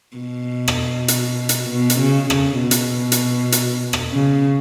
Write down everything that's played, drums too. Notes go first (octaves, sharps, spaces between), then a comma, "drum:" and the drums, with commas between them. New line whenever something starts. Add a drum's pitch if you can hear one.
B2
drum: rim click
drum: hi-hat
drum: hi-hat
B2
drum: hi-hat
C#3
C#3, drum: rim click
B2
drum: hi-hat
drum: hi-hat
drum: hi-hat
drum: rim click
C#3